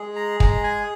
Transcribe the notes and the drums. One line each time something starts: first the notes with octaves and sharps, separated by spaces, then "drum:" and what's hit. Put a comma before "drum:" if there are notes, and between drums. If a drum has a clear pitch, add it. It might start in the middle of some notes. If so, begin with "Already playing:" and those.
Already playing: G#3 G#4
A#5
G#3 A#5, drum: kick
G#5